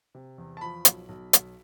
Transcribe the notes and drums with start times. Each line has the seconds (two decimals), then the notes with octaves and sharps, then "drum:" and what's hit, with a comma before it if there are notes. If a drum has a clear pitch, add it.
0.15 C3
0.38 E2
0.57 A5
0.61 F3 B5
0.85 B1, drum: hi-hat
1.09 B1
1.33 B1, drum: hi-hat